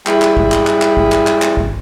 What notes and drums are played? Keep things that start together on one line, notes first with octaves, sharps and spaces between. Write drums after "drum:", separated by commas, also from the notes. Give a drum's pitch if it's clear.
G3 E4 G#4, drum: clap
drum: clap
drum: kick
drum: clap
drum: clap
drum: clap
drum: kick
drum: clap
drum: clap
drum: clap
drum: kick